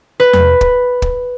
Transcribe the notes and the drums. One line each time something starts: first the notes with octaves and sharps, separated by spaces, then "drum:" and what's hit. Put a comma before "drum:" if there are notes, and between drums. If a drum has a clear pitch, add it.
B4
drum: tom E2
drum: kick
drum: kick